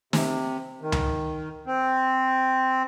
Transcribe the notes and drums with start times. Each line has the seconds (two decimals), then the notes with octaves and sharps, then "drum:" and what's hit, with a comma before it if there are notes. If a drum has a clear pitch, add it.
0.13 C3, drum: snare
0.82 D#3
0.92 drum: tom C#2
1.66 C4